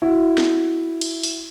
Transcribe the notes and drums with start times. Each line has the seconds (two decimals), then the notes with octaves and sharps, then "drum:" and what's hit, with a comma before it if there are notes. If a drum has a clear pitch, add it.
0.02 E4 F#4
0.38 drum: snare
1.01 drum: cymbal
1.23 drum: open hi-hat